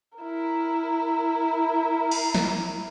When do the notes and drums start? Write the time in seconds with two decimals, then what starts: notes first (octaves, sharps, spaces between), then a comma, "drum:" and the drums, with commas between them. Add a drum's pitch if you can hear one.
0.18 E4 A#4
2.11 drum: cymbal
2.35 drum: snare